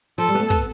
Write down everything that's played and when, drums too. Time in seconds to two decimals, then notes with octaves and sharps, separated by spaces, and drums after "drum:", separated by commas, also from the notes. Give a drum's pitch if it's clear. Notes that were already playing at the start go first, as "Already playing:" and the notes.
0.18 F3 A4
0.29 G3
0.35 B3
0.39 A3
0.50 B3, drum: kick